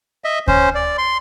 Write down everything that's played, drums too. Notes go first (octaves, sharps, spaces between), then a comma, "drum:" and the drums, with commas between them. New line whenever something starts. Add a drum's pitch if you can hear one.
D#5 E5
C#4 C5, drum: kick D2
D5
C6